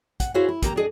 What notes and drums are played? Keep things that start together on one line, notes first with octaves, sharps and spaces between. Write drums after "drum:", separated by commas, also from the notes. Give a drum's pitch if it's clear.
F#5, drum: kick, hi-hat
E4 F#4 G#4 C5 C#5 F5
E4
D#2 A#3 G4 A#5, drum: kick, hi-hat
D4 G#4 D#5